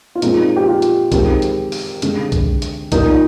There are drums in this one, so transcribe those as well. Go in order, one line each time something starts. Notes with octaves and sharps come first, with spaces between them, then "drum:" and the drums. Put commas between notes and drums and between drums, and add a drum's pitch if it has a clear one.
F4
A#2 G#3 C4 D#4, drum: hi-hat
G4
F4
drum: hi-hat
D#3 G#3 C4 G4, drum: kick B1, hi-hat
drum: hi-hat
drum: open hi-hat
D3 G#3 C4, drum: hi-hat
drum: kick B1, hi-hat
drum: hi-hat
A#2 G3 A#3 D#4, drum: kick B1, hi-hat